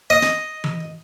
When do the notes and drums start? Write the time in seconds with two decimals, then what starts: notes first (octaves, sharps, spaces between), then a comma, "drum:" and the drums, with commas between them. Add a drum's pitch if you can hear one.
0.10 D#5
0.22 drum: snare
0.64 drum: tom E3